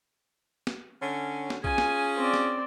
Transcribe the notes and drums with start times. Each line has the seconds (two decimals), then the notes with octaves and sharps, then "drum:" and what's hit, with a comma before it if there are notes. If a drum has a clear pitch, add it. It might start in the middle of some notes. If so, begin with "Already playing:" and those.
0.67 drum: snare
1.02 D3 C#4
1.50 drum: snare
1.64 C#4 F4 G#4 G#5, drum: kick
1.78 drum: snare
2.18 C4 D5
2.34 drum: snare